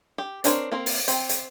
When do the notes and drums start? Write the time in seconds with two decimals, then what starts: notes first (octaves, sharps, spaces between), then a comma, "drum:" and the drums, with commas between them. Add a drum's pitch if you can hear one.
0.18 G4
0.44 C4 D4 A#4 C5 C#5, drum: hi-hat
0.72 A#3 C4 A#4
0.86 drum: open hi-hat
1.08 C4 G5, drum: hi-hat
1.29 drum: hi-hat